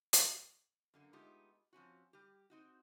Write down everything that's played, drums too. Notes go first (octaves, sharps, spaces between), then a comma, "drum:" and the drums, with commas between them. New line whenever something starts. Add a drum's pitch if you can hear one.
drum: hi-hat
F#2 D3 A#3
G#3 A3 B3 D#4 F4 G4
F3 C4 C#4 F#4
G3 G4
C4 D#4 F#4